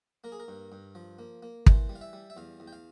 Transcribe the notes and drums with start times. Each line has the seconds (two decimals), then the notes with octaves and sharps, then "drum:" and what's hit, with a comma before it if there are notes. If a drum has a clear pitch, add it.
0.24 A#3 A#4
0.32 G#4
0.40 A#4
0.48 G2
0.72 G2
0.95 F3
1.19 A#3
1.43 A#3
1.66 E3 C5, drum: kick
1.89 G3
1.95 F5
2.01 E5
2.13 G3
2.30 E5
2.37 E2 F5
2.60 E2
2.68 G5
2.73 F5